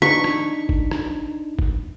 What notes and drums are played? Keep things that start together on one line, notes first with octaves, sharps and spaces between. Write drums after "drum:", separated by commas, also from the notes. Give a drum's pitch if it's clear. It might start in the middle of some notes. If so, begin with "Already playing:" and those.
D4 D#4 C#6 B6
drum: rim click
drum: kick G1
drum: rim click
drum: kick G1